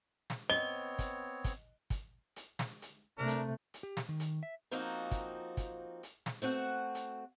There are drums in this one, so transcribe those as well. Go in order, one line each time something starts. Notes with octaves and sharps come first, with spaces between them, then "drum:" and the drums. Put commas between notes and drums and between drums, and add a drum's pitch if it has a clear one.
drum: snare
B3 C4 C#5 D#5 G7
drum: kick, hi-hat
drum: kick, hi-hat
drum: kick, hi-hat
drum: hi-hat
drum: snare
drum: hi-hat
C3 A3 D4 A#4
drum: hi-hat
drum: hi-hat
G4
drum: snare
D#3
drum: hi-hat
E5
F3 A#3 C4 D#4 F#4
drum: kick, hi-hat
drum: kick, hi-hat
drum: hi-hat
drum: snare
A3 C4 F#4 F#5
drum: hi-hat